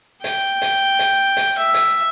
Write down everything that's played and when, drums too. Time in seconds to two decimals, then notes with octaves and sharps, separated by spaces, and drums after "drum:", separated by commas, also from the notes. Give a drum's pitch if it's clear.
0.24 G5, drum: hi-hat
0.62 drum: hi-hat
0.99 drum: hi-hat
1.37 drum: hi-hat
1.58 E5
1.74 drum: hi-hat